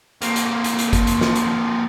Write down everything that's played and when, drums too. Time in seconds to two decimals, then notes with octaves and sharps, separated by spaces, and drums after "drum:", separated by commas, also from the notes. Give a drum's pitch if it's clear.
0.22 A#3 C4, drum: hi-hat
0.36 drum: hi-hat
0.64 drum: hi-hat
0.79 drum: hi-hat
0.93 drum: kick G1, hi-hat
1.07 drum: hi-hat
1.21 drum: snare
1.36 drum: hi-hat